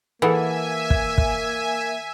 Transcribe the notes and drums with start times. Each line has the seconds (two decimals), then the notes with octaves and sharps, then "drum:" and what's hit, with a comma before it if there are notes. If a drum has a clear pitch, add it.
0.22 E3 A#3 G#4 A4 E5 F#5 G#5
0.90 drum: kick
1.18 drum: kick